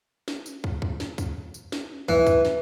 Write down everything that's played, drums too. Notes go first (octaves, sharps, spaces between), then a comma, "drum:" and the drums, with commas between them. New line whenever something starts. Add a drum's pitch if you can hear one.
drum: snare
drum: tambourine
drum: kick
drum: kick
drum: snare
drum: kick, tambourine
drum: tambourine
drum: snare
E3, drum: kick
drum: kick, tambourine
drum: snare